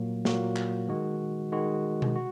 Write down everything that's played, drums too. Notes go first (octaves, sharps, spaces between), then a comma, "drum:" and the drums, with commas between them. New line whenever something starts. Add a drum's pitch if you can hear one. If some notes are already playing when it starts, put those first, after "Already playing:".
Already playing: A#2 F#3 A#3 F#4
A#2 F#3 A#3 F#4, drum: snare
drum: clap
D#3 G#3 F#4
D#3 G#3 F#4
drum: tom B2
F#4